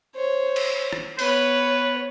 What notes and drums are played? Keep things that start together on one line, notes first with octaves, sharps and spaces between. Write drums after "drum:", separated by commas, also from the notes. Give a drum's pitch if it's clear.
C5 C#5
drum: cymbal
drum: rim click
B3 B4 C#5, drum: open hi-hat